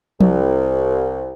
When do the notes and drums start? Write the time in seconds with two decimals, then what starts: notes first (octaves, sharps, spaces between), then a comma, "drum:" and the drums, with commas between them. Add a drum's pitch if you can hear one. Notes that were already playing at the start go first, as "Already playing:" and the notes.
0.21 C2, drum: tom F3